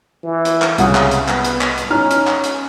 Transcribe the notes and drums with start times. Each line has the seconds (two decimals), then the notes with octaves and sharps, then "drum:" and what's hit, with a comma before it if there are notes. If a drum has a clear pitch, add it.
0.23 E3
0.45 drum: hi-hat
0.62 drum: clap
0.78 C2 C#3 F#5 D#6, drum: hi-hat
0.95 drum: clap
1.11 drum: hi-hat
1.28 B3, drum: clap
1.44 drum: hi-hat
1.61 drum: clap
1.78 drum: hi-hat
1.90 C#4 D#4 F6
2.11 drum: hi-hat
2.27 drum: clap
2.44 drum: hi-hat